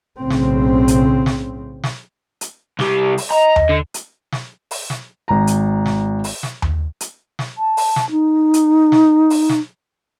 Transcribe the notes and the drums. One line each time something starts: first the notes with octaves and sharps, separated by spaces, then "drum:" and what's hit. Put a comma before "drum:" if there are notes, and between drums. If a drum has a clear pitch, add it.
B1 A2 C#3 C4
drum: snare
drum: hi-hat
drum: snare
drum: snare
drum: hi-hat
C2 G4, drum: snare
drum: open hi-hat
D#5 A#5
drum: tom D#2
D3
drum: hi-hat
drum: snare
drum: open hi-hat
drum: snare
G#1 A#5
drum: hi-hat
drum: snare
drum: open hi-hat
drum: snare
drum: tom D#2
drum: hi-hat
drum: snare
A5
drum: open hi-hat
drum: snare
D#4
drum: hi-hat
drum: snare
drum: open hi-hat
drum: snare